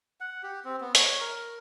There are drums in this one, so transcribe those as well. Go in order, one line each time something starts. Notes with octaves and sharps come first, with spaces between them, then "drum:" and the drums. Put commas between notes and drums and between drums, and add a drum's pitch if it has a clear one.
F#5
G4
C4
B3
C#5, drum: hi-hat
A#4